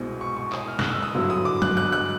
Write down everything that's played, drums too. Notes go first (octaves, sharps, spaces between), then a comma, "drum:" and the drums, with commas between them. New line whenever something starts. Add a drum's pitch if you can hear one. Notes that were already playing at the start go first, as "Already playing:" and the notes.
Already playing: C2 B2 G#3 C4
C#6
C#6
D#6, drum: clap
F6
F#6, drum: snare
E6
D#6
G2 D3 F#3 B3 E4 E6
D#6
D6
F#6, drum: tom
F#6
F#6